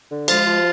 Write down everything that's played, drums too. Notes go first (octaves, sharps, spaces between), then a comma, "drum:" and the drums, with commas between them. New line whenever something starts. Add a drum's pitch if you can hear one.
D3
F3 G#3 F4, drum: cymbal
F3